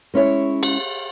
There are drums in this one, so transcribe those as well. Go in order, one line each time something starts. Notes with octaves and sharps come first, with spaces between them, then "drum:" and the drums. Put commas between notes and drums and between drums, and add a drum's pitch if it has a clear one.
G#3 C#4 E4 C#5
drum: cymbal